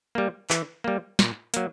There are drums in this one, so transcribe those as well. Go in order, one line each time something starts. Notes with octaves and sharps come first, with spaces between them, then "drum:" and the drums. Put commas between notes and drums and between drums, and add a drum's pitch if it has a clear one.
G3 A#3
E3, drum: clap
G3 A#3
A#2, drum: snare
F#3 A#3, drum: hi-hat